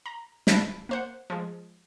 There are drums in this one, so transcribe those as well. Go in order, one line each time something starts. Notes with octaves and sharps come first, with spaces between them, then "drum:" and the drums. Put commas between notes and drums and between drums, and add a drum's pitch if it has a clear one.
A#5
A5 B5 F#6 A6 A#6, drum: snare
A#3 C5 F#5
F3 G#3